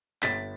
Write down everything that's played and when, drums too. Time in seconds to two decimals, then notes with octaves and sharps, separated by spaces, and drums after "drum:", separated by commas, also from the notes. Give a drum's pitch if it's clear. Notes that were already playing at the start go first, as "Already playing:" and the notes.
0.23 G1 A6 B6, drum: clap